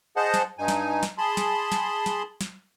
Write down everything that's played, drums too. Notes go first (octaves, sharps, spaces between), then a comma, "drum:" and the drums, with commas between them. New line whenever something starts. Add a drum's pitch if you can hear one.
G#4 C5 D#5 F#5 A5
drum: snare
G2 D#4 G#5
drum: snare
drum: snare
G#4 A5 B5 C6
drum: snare
drum: snare
drum: snare
drum: snare